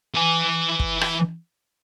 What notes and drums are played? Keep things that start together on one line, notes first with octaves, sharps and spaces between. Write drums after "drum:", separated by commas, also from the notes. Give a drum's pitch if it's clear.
E3 G#5
drum: kick
drum: rim click